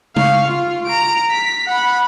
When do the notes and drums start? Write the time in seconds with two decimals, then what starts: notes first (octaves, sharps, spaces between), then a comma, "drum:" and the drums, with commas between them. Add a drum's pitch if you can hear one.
0.16 F5 C#6, drum: tom
0.48 F4
0.86 A#5 D7
1.31 B6
1.67 F#5 B5